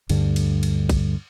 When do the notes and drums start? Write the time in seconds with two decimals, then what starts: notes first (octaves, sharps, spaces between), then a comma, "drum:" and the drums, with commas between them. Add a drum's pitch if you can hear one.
0.09 D2 G2 D3 G3, drum: cymbal
0.36 drum: cymbal
0.63 drum: cymbal
0.89 drum: kick, cymbal